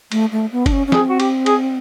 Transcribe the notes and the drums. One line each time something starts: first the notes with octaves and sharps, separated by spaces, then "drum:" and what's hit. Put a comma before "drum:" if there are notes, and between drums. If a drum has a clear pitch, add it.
A3, drum: cymbal
A3
B3
D4, drum: kick, cymbal
C#4
C#4
C4 G#4, drum: snare
F#4
G4, drum: cymbal
G#4, drum: cymbal